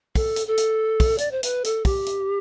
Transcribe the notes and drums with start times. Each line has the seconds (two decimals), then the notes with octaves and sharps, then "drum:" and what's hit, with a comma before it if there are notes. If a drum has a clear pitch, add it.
0.15 A4, drum: kick, open hi-hat
0.36 drum: hi-hat
0.47 A4
0.57 drum: hi-hat
1.00 drum: kick, open hi-hat
1.18 D5, drum: hi-hat
1.31 C5
1.43 B4, drum: hi-hat
1.64 A4, drum: hi-hat
1.85 G4, drum: kick, open hi-hat
2.06 drum: hi-hat